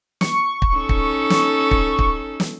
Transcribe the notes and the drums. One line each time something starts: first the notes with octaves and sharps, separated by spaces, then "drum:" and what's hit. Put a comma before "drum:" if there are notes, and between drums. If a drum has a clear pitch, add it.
C#6, drum: snare
drum: kick
C#4 D#4 A4
drum: kick
drum: snare
drum: kick
drum: kick
drum: snare